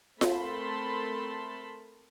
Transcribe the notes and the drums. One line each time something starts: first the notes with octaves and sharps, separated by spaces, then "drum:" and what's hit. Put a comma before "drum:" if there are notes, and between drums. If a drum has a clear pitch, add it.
A3 C4 A#4 A5 B5 C6, drum: snare F4